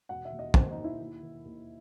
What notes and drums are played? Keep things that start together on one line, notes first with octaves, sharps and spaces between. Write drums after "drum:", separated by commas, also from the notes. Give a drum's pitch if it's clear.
E1 F#5
E5
D#2
D#5
D#2 C5, drum: kick
D#4
D#2
E4
D#2
D#3
D#2